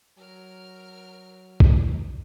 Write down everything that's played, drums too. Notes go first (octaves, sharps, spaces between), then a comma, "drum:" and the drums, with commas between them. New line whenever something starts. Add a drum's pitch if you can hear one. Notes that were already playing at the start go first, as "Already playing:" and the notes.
F#3 A#4 F6
drum: kick